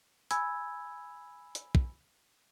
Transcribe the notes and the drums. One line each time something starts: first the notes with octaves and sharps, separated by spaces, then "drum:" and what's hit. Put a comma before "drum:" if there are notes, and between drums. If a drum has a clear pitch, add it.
G#5 B5 E6 G#6, drum: hi-hat
drum: hi-hat
drum: kick